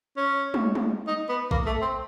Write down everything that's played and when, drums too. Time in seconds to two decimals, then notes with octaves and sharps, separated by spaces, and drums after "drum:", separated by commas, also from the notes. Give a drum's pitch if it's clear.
0.17 C#4
0.54 drum: tom
0.75 drum: tom
1.07 D#4
1.29 B3
1.51 A#3, drum: kick
1.66 A3
1.81 C4